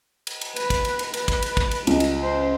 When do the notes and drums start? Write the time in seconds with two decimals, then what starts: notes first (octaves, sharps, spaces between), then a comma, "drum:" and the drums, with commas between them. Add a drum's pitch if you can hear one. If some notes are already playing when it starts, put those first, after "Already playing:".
0.27 drum: cymbal
0.41 drum: cymbal
0.56 B4, drum: cymbal
0.70 drum: kick, cymbal
0.85 drum: cymbal
0.99 drum: cymbal
1.14 B4, drum: cymbal
1.28 drum: kick, cymbal
1.42 drum: cymbal
1.57 drum: kick, cymbal
1.71 drum: cymbal
1.87 C#2 G3, drum: cymbal
2.00 drum: cymbal
2.22 C5